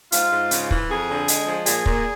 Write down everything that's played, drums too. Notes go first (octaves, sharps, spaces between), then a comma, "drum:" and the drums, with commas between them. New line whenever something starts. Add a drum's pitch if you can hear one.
G#2 F4, drum: hi-hat
G#2
C#3, drum: hi-hat
E3, drum: kick
F2 G#4
D3
G#3, drum: hi-hat
F3
A#2 G#4, drum: hi-hat
A#2, drum: kick